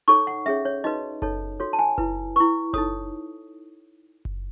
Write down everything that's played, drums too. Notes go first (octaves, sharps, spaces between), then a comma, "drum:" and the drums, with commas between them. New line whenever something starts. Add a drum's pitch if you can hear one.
D#4 A4 C#5 C#6
F#5
C#4 G#4 C#5 E5
C#5
D#4 F#4 B4 D#5
D#4 A4 C#5, drum: kick F#1
F#4 A4 C#5
A5
G#5
E4 B4, drum: kick F#1
E4 B4 C#6
D#4 A4 C#5 D#6, drum: kick F#1
drum: kick F#1